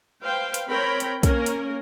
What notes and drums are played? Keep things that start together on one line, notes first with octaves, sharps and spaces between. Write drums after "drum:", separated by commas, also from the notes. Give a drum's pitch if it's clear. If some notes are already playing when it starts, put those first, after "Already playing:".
B4 C5 F5 G5
drum: hi-hat
C4 A#4 C#5 G5 B5
drum: hi-hat
A#3 C#4 A#4, drum: kick, hi-hat
drum: hi-hat